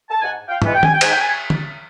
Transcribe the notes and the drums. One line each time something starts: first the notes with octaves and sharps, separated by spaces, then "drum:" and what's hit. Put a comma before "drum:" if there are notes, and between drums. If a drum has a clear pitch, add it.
A5
G#2 F#5 G#5
F5 G5
E3 G#3 B3, drum: tom
G5
G#5, drum: tom
G5
G#2 G#5, drum: cymbal
G5
G#5
drum: tom